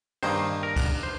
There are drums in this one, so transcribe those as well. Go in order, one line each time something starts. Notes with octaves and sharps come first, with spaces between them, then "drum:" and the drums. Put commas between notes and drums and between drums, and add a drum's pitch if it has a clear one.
G2 D#3 A#3 C5, drum: cymbal
A#4
drum: kick, cymbal
C5